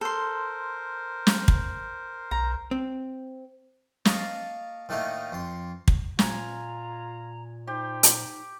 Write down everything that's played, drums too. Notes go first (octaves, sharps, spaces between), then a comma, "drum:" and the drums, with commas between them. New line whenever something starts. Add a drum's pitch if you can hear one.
A4 A#4 C5 C6
drum: snare
drum: kick
B1 A#5
C4
A#3 D#5 F5 A5 C#6, drum: snare
A2 D#3 A3 A#3 D#4
F2 C6
drum: kick
A#2 F4 G#5 A#5, drum: snare
D#4 G4 C5
drum: hi-hat